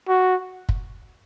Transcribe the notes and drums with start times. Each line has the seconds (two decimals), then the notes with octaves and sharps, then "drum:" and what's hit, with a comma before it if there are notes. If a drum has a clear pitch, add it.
0.08 F#4
0.69 drum: kick